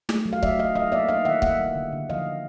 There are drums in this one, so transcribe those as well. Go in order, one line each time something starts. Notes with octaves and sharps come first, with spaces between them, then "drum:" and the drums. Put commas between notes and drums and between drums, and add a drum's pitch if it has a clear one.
A3, drum: snare
F#3
F5
F#3 D5 E5, drum: kick
F#3 D#5 F5
F#3 D#5 F5
A#3 D5 E5
A#3 D#5 F5
D#3 E5 F#5
A#3 E5 F#5, drum: kick
G3
D3
D3
F3 D#5 F5
D3